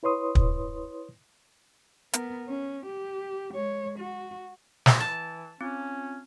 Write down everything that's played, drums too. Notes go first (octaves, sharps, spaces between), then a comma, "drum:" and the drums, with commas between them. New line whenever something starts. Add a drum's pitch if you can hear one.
E4 B4 C#5 C6 D#6
drum: kick
B3 A#4, drum: hi-hat
C#4
G4
G#3 C#5
F#4
drum: snare
E3 A5
C4 C#4 F4